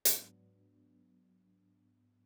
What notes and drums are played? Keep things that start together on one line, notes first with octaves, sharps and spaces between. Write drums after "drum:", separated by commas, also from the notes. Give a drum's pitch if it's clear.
G#2 F#3 B3 D4, drum: hi-hat